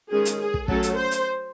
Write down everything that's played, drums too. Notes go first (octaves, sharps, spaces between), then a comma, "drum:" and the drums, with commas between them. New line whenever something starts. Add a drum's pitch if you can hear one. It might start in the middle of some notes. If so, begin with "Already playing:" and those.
D#3 G#3 C#4 G#4
drum: hi-hat
G#4
drum: kick
F#3 A3 C#4 A4, drum: kick
drum: hi-hat
C5
drum: hi-hat